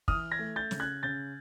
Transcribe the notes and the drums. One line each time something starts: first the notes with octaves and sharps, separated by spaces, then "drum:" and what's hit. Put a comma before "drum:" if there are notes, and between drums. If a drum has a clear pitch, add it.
E3 D#6 F6, drum: kick
G#6 A#6
A3
G6 A6
C#3, drum: snare
F#6 G#6
C#3 G6 A6